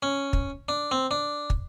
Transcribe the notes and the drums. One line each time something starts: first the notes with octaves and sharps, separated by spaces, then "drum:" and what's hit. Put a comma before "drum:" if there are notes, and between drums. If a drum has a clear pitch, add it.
C#4
drum: kick
D4
C4
D4
drum: kick